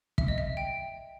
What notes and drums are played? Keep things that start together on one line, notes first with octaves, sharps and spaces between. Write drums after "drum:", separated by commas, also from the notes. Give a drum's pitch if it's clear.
E5, drum: kick
D#5
E5
G5